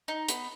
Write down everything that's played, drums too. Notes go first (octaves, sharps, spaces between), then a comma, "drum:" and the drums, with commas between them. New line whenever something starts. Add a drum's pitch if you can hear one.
D#4
B3, drum: hi-hat